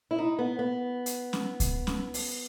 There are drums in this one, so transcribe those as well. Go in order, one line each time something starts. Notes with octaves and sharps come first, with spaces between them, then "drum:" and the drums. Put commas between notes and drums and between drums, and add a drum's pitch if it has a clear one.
E4
D#4
B3
B3
drum: hi-hat
drum: snare C#4
drum: kick C#2, hi-hat
drum: snare C#4
drum: open hi-hat